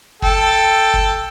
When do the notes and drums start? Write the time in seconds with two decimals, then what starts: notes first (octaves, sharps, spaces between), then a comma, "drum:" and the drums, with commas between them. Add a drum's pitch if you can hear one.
0.22 A4 G5, drum: kick
0.94 drum: kick